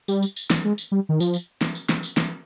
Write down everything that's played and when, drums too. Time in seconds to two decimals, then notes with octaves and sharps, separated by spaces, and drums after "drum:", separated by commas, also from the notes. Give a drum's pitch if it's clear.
0.08 G3, drum: tambourine
0.22 drum: tambourine
0.36 drum: tambourine
0.50 drum: snare
0.65 G#3
0.78 drum: tambourine
0.92 G3
1.09 D#3
1.20 F3, drum: tambourine
1.34 drum: tambourine
1.61 drum: snare
1.75 drum: tambourine
1.89 drum: snare
2.03 drum: tambourine
2.17 drum: snare